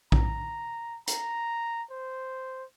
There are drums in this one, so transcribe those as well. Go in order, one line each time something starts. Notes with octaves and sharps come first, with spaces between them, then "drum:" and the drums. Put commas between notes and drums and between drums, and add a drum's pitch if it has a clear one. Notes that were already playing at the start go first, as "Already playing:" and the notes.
A#5, drum: kick A#1
A#5, drum: hi-hat
C5